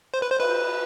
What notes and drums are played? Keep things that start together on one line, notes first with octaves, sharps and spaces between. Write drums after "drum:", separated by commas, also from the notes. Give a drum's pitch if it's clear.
C5
B4
C5
B4, drum: cymbal